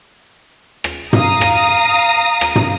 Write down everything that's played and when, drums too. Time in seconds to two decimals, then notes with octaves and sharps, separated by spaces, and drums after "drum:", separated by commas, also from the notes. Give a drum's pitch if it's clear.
0.84 drum: rim click
1.13 F5 A#5 D#6, drum: tom
1.41 drum: rim click
2.41 drum: rim click
2.56 drum: tom